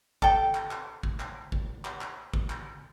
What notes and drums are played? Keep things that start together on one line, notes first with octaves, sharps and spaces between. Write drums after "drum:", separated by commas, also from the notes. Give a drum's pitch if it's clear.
A4 G5, drum: kick
drum: clap
drum: clap
drum: kick
drum: clap
drum: kick
drum: clap
drum: clap
drum: kick
drum: clap